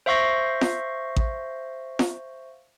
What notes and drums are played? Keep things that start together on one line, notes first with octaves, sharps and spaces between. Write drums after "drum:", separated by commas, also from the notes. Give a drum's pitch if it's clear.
C5 E5 F5 C#6 G6 A#6
drum: snare F4
drum: kick A1
drum: snare F4